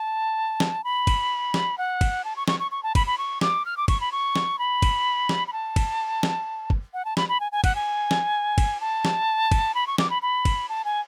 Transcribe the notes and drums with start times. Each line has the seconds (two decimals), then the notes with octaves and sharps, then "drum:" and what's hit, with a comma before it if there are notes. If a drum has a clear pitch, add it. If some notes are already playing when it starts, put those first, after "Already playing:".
Already playing: A5
0.60 drum: snare
0.84 B5
1.07 drum: kick, cymbal
1.54 drum: snare
1.78 F#5
2.01 drum: kick, cymbal
2.25 A5
2.36 C#6
2.48 C#6, drum: snare
2.60 C#6
2.71 C#6
2.83 A5
2.95 B5, drum: kick, cymbal
3.07 B5
3.18 C#6
3.41 D6, drum: snare
3.65 F6
3.77 D6
3.88 C#6, drum: kick, cymbal
4.01 B5
4.12 C#6
4.36 drum: snare
4.59 B5
4.82 drum: kick, cymbal
5.29 drum: snare
5.48 B5
5.53 A5
5.76 drum: kick, cymbal
6.23 drum: snare
6.70 drum: kick
6.94 F#5
7.05 A5
7.17 B5, drum: snare
7.29 B5
7.40 G#5
7.52 G#5
7.64 F#5, drum: kick, cymbal
7.75 G#5
8.11 drum: snare
8.58 drum: kick, cymbal
8.81 A5
9.05 drum: snare
9.52 drum: kick, cymbal
9.75 B5
9.87 C#6
9.98 D6, drum: snare
10.10 B5
10.22 B5
10.45 drum: kick, cymbal
10.69 A5
10.85 G#5